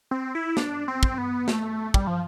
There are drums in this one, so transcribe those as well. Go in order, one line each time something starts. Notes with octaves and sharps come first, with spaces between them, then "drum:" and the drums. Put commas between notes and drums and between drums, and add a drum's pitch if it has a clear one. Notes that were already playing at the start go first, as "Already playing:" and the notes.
C4
E4
D4, drum: snare
C4
drum: kick
B3
A3, drum: snare
G3, drum: kick
F3